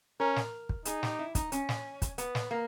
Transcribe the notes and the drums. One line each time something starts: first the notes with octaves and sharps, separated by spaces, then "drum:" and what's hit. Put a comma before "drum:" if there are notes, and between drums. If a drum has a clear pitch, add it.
C#4 A#4
drum: snare
drum: kick
D#4 G#4, drum: hi-hat
G4, drum: snare
E4
D#4, drum: kick, hi-hat
C#4, drum: hi-hat
drum: snare
drum: kick, hi-hat
B3, drum: hi-hat
drum: snare
A#3